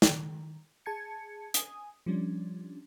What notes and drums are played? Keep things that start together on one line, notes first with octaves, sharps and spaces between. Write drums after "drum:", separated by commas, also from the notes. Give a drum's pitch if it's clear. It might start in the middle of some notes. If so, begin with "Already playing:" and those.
D#3, drum: snare
G#4 A5 G#6 C#7
G#5 D#6, drum: hi-hat
F3 G3 C#4 D4